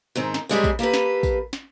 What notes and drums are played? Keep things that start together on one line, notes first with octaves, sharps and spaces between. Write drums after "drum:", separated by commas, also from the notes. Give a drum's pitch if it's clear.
G#2 D#3 C4
drum: snare
F#2 G3 G#3 C4
drum: kick, tambourine
A#3 G4 A4 B4
drum: snare
drum: kick, tambourine
drum: snare